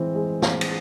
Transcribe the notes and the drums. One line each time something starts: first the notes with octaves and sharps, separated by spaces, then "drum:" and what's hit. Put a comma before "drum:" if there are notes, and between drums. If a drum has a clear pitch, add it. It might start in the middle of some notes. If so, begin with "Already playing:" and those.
Already playing: E3 G#3 C4
G#3
C4, drum: snare
drum: cymbal